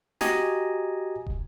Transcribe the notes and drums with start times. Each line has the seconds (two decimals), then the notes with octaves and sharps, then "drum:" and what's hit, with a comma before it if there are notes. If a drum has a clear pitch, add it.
0.21 F#4 G4 D#5 G#5 A#5, drum: snare
1.26 drum: kick